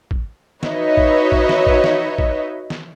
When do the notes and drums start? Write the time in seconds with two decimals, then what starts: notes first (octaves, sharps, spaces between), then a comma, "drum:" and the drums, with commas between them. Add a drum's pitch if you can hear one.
0.11 drum: kick
0.63 D#4 F#4 B4 C#5 D#5 E5, drum: snare
0.97 drum: kick
1.32 drum: kick
1.49 drum: snare
1.67 drum: kick
1.84 drum: snare
2.18 drum: kick
2.70 drum: snare